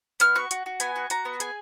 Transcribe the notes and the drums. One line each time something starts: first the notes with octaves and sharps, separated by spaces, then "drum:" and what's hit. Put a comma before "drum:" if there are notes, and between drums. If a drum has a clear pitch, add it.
B3 F6, drum: hi-hat
F#4 C#6
F#4, drum: hi-hat
F#4
B3 G#5, drum: hi-hat
F#4
F#4 A#5, drum: hi-hat
B3
G#4 G#5, drum: hi-hat